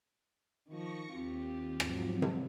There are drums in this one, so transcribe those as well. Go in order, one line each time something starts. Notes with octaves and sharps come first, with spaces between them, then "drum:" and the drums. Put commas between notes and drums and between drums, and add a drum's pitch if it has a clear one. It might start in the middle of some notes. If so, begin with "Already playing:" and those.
D#3 F3 C#6 A#6 C#7
D#2 C4 F4 G4
G#2 F3 F#3, drum: rim click
C4
drum: tom C3